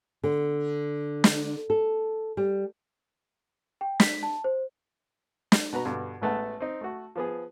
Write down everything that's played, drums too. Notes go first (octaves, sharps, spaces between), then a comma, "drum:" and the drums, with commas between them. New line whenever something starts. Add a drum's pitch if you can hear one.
D3
drum: snare
A4
G3
G5
B6, drum: snare
A5
C5
drum: snare
B2 F#4 B4 A#5
G2 B2 D3
A1 G#3 A3 B3 F#5 A5
C4 D#4
A3 F#4
F3 B3 G#4